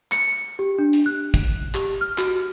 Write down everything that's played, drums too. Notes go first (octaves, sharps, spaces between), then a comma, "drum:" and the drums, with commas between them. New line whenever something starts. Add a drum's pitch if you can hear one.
C#7, drum: clap
G4
D4
drum: hi-hat
F#6
drum: kick, hi-hat
G4, drum: clap
F6
F#4, drum: clap